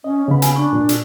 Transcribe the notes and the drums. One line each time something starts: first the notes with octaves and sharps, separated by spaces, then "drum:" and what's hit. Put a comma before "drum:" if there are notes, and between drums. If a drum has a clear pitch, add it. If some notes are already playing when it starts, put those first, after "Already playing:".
C#4 D#5
C#3 B3 B5
G#5, drum: hi-hat
D4 C#6
A#2
drum: hi-hat